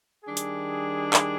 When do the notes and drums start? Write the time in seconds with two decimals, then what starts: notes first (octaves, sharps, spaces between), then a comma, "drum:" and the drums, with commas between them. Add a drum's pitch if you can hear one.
0.25 D#3 G3 D4 G#4
0.37 drum: hi-hat
1.13 drum: clap